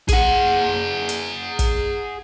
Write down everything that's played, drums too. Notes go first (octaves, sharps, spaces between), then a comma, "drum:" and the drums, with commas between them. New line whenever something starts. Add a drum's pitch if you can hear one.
G#4 F#5, drum: kick, hi-hat
drum: hi-hat
drum: kick, hi-hat